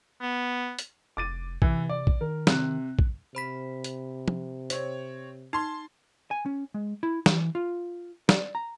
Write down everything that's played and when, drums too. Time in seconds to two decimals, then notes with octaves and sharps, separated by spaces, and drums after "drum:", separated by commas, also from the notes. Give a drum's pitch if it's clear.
0.22 B3
0.79 drum: hi-hat
1.17 F1 D6 A6 D#7
1.62 C3 E3, drum: kick A#1
1.89 D5
2.07 drum: kick A#1
2.21 D#3 A#4
2.47 C3 F#6, drum: snare
2.99 drum: kick A#1
3.35 C3 C5 B5 B6
3.84 drum: hi-hat
4.28 drum: tom
4.70 C4 C#5, drum: hi-hat
5.53 D#4 A5 C6
6.31 G#5
6.46 C#4
6.74 G#3
7.03 E4
7.26 E3, drum: snare
7.55 F4
8.29 D5, drum: snare
8.55 A#5